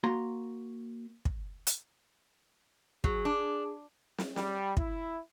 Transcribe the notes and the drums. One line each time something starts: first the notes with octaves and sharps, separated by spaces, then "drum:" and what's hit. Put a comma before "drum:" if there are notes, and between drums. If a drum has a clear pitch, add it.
A#3 F#4 A#5 C6
drum: kick
drum: hi-hat
F#3 G#4, drum: kick
D4
drum: snare
G3, drum: snare
E4, drum: kick